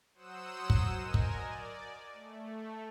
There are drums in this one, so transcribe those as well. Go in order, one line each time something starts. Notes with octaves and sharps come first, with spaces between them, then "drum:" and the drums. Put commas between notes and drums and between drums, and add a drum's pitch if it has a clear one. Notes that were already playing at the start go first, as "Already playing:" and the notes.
F#3 C5 F#5 D#6 E6 E7
drum: kick
A#4 D#5 G#5
drum: kick
D5
A3